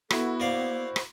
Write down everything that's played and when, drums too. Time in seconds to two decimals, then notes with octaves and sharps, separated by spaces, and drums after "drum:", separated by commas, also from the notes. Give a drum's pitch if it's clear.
0.10 B3 E4 F#4 A4, drum: rim click
0.40 A#3 C5 D5 F5
0.96 drum: rim click